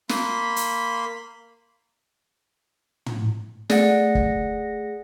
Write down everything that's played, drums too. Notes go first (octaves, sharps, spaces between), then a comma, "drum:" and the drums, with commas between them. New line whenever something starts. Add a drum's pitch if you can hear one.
A#3 B5 C6, drum: snare
drum: hi-hat
drum: tom
A3 G#4 D5 F#5 A#6, drum: snare
drum: kick